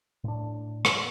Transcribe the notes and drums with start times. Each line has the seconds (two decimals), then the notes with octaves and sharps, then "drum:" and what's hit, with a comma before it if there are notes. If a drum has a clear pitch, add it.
0.24 A2 D4
0.85 drum: rim click